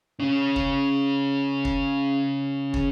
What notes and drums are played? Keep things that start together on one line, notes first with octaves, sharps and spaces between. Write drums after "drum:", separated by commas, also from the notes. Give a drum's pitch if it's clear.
C#3 C#4
drum: kick
drum: kick
drum: kick